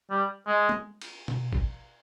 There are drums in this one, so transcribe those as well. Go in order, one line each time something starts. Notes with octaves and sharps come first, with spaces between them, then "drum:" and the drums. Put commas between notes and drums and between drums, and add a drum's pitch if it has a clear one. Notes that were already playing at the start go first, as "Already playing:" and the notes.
G3
G#3
drum: tom G#3
drum: cymbal
drum: tom B2
drum: kick A1